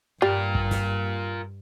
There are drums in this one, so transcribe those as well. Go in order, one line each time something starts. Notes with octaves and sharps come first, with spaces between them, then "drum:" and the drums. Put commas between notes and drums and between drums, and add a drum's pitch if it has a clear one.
G2 G3 F4 A#4
drum: kick
drum: snare